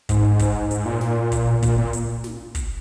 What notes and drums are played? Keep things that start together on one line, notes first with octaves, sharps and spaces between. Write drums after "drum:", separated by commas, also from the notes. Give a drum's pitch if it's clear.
G#2, drum: kick, hi-hat
drum: kick, hi-hat
G#2, drum: hi-hat
A#2
drum: snare
drum: kick, hi-hat
A#2, drum: kick, hi-hat
A#2
drum: hi-hat
drum: snare
drum: kick, hi-hat